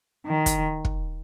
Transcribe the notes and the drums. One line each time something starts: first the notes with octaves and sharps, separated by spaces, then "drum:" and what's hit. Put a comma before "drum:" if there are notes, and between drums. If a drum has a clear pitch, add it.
D#3
drum: kick, hi-hat
drum: kick